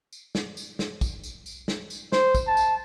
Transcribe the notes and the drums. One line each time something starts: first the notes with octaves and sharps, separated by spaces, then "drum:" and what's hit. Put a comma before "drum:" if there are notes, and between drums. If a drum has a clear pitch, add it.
drum: tambourine
drum: snare
drum: tambourine
drum: snare
drum: kick, tambourine
drum: tambourine
drum: tambourine
drum: snare
drum: tambourine
C5, drum: snare
drum: kick, tambourine
A5
drum: tambourine